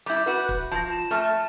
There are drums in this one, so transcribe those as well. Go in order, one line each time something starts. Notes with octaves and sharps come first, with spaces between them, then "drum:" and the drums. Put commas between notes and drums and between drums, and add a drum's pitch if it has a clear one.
G3 E4 D6 G6
F#4 B4
drum: kick
F3 A5 A#6
F4 E7
A3 E5 A5 F6